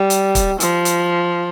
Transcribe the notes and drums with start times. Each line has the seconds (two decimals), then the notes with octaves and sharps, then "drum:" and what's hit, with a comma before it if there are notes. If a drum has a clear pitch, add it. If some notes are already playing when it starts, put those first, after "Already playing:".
Already playing: G3
0.10 drum: hi-hat
0.35 drum: kick, hi-hat
0.60 F3, drum: hi-hat
0.85 drum: hi-hat